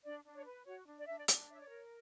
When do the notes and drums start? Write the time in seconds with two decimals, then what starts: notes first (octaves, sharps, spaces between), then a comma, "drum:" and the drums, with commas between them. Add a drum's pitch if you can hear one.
0.04 D4 D5
0.24 D4
0.35 C#5
0.46 B4
0.66 F#4 C#5
0.86 D4
0.98 D5
1.07 D4 E5
1.18 D5
1.28 D4, drum: hi-hat
1.49 C#5 E5
1.59 D5
1.70 A#4